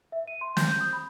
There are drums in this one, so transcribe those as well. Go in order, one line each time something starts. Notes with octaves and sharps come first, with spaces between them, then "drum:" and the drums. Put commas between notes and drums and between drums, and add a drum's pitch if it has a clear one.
E5
D#7
C6
G6, drum: snare
D#6
B5